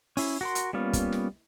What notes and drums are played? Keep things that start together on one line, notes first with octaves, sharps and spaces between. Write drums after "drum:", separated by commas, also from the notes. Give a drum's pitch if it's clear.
C#4 E4, drum: open hi-hat
F#4 A#4 C6
drum: hi-hat
G3 A#3 B3 C#4 F4
drum: kick, hi-hat
drum: snare